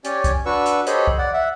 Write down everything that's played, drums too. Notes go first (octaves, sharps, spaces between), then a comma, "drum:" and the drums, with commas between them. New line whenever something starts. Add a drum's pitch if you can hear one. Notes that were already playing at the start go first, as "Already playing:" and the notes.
C#4 G4 C#5 D5 G#5, drum: hi-hat
drum: kick, hi-hat
D4 F#4 B4 C#6 E6
drum: hi-hat
G4 A4 C5 C#5 D#5 B5, drum: hi-hat
drum: kick
D5 F#5
E5 F#5